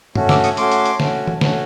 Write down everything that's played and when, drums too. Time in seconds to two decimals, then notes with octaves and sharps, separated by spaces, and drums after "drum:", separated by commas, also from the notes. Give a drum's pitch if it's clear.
0.15 A3 C#4 F#4, drum: tom G2
0.29 D6 E6, drum: snare
0.44 C#6 D#6, drum: hi-hat
0.57 A3 C#4 F#4 C6 D6, drum: hi-hat
0.72 drum: hi-hat
0.86 drum: hi-hat
1.00 A3 C#4 F#4, drum: snare
1.27 drum: tom
1.41 A3 C#4 F#4, drum: snare